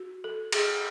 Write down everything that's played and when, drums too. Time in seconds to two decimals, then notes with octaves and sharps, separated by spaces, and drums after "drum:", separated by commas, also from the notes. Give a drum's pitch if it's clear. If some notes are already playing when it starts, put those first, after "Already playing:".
Already playing: F#4
0.24 A4
0.52 G#4, drum: cymbal